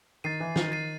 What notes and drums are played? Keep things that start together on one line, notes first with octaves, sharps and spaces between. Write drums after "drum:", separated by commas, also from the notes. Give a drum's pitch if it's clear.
D#3 A6 C7 D#7
E3
D#3, drum: snare
A6 C7 D#7